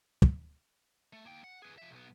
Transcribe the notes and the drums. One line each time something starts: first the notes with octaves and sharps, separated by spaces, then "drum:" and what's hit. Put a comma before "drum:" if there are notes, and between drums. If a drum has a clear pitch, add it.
drum: kick
A3
A#3 G5
F#5
G#4 B4
F3 E5
B1 B3